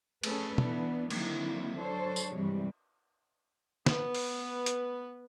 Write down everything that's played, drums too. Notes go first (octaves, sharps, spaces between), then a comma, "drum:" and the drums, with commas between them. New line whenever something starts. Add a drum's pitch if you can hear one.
A3 C#4 G#4 A4 B4, drum: cymbal
E3 B3 D4, drum: tom
D3 D#3 F#3 A#3 C4 E4, drum: cymbal
F#3 D4 A4 C5 C#5
drum: tambourine
G2 C3 E3 G3 G#3
B3 B4, drum: snare
drum: open hi-hat
drum: hi-hat